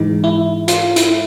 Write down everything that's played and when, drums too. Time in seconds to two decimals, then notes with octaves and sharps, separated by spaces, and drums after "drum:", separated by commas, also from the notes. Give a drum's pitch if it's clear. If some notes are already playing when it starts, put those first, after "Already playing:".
Already playing: G#2 E3 G#3 D#4
0.24 E4
0.68 F4, drum: hi-hat
0.96 E4, drum: hi-hat